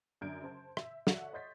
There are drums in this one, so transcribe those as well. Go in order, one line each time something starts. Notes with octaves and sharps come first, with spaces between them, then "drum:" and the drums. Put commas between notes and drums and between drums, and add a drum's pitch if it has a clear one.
F#2 D3 D4 G6 G#6 D7
C#3 C5 A5
E5, drum: rim click
F#4 A4 C#5 D5 E5 F#5, drum: snare
C#5 D#5 C6 G6 A6 B6